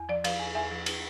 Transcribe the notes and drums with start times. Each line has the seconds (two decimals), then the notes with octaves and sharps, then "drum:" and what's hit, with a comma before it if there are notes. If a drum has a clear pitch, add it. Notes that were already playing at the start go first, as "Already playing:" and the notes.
Already playing: E2
0.09 F3 D5
0.24 F3 F5, drum: cymbal
0.39 E2
0.55 E2 E5
0.71 F3
0.86 drum: cymbal